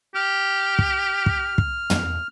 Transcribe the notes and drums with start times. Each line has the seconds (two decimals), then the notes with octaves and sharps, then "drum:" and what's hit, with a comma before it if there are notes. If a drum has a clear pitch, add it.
0.15 G4 F6
0.79 drum: kick
1.26 drum: kick
1.58 drum: kick
1.90 drum: tom